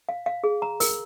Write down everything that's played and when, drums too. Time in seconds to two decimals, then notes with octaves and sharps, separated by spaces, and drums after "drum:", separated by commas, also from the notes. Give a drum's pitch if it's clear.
0.09 F5
0.26 F5
0.44 G#4
0.62 A#5
0.80 A#4, drum: open hi-hat